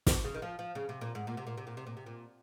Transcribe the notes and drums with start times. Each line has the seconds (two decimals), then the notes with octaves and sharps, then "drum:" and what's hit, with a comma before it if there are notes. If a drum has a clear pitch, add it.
0.07 drum: snare
0.24 C#3
0.34 D#3
0.42 F3
0.59 F3
0.75 C#3
0.89 C3
1.01 A#2
1.15 G#2
1.27 A#2
1.37 C3
1.47 A#2
1.57 C3
1.67 A#2
1.77 C3
1.87 A#2
1.97 C3
2.06 A#2